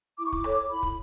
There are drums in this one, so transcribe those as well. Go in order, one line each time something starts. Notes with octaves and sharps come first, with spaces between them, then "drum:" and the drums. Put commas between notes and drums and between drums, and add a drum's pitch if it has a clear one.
E4 D6
C#6
D6, drum: kick
A4 C#5, drum: rim click
E4 B5
drum: kick